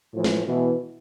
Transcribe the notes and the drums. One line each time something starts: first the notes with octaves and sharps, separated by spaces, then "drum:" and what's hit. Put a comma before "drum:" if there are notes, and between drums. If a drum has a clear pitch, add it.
A2 E3 F3
drum: snare
B2 E3